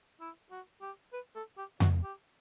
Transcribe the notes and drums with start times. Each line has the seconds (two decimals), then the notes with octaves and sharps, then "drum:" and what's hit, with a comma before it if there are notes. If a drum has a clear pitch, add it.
0.20 E4
0.51 F#4
0.81 G4
1.12 B4
1.35 A4
1.57 G4
1.80 F#4, drum: tom F2
2.03 G4